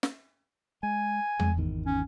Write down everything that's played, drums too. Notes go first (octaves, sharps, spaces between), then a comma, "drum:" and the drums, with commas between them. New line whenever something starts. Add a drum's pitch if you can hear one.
drum: snare
G#3 G#5
G#3, drum: tom E2
G#1 E2 D#3
C#4